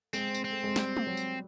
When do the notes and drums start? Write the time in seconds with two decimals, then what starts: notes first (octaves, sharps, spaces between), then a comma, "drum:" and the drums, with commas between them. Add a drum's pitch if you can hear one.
0.13 G#3 C4, drum: tambourine
0.34 drum: tambourine
0.45 C4
0.51 A3
0.64 G#3
0.76 G3, drum: snare
0.97 drum: tom
1.07 F#3
1.17 drum: tambourine